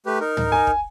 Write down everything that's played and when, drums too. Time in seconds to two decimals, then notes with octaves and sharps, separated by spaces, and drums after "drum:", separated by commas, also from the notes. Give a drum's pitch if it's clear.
0.06 A3 G4 B4
0.20 D#4 A#4
0.37 drum: tom
0.52 G#5
0.67 drum: kick